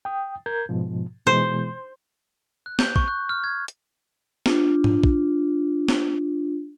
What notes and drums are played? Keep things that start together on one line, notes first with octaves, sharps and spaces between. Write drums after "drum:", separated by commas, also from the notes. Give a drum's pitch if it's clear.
G5 D#6
A#4 G6 G#6
G#2 B2 F3
B2 E3 G#3 C5
F#6
G6, drum: snare
C#6, drum: kick
F#6
F6
G#6
drum: hi-hat
D4 F4, drum: snare
drum: tom
drum: kick
drum: snare